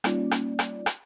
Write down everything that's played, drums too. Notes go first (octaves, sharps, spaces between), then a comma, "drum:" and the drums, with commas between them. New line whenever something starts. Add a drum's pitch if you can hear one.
G3 A#3 C#4 D#4 F4 D5, drum: rim click
drum: rim click
drum: rim click
drum: rim click